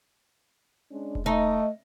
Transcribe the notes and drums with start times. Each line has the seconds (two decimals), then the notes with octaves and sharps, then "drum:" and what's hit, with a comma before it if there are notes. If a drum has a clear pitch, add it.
0.92 G#3 C#4 D4
1.15 drum: kick E1
1.26 A3 D#4 D#5